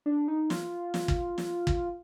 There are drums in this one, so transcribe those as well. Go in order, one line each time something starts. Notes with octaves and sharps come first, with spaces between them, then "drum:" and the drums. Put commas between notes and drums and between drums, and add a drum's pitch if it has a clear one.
D4
D#4
F4, drum: snare
drum: snare
drum: kick
drum: snare
drum: kick